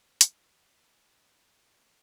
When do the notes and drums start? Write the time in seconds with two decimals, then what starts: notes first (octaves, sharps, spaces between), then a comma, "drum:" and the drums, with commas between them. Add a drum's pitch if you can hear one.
0.21 drum: hi-hat
1.10 C#5
1.49 D#5
1.69 G4 D5